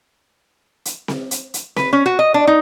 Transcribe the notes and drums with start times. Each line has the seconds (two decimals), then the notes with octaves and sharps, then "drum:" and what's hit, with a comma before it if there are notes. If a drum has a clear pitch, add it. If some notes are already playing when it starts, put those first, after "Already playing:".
0.85 drum: hi-hat
1.08 drum: snare C4
1.31 drum: hi-hat
1.54 drum: hi-hat
1.76 B4, drum: snare C4
1.93 C#4
2.06 F#4
2.19 D#5
2.34 D4
2.47 D#4